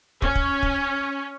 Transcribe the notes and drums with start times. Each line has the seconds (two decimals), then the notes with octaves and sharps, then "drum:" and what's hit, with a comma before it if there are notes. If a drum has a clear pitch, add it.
0.22 C#4, drum: kick
0.35 drum: kick
0.63 drum: kick